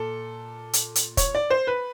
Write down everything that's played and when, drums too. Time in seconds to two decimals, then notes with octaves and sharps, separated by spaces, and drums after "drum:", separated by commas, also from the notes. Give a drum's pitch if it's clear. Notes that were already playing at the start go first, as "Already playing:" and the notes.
Already playing: A#2 A4
0.73 drum: hi-hat
0.96 drum: hi-hat
1.17 C#5, drum: kick, hi-hat
1.35 D5
1.50 C5
1.67 B4